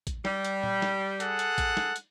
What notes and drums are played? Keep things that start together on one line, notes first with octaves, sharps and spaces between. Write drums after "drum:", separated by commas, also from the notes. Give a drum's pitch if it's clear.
drum: kick, hi-hat
G3, drum: snare
drum: hi-hat
drum: tom A#2
drum: snare
G#4 A4 F#5, drum: hi-hat
drum: hi-hat
drum: kick, hi-hat
drum: snare
drum: hi-hat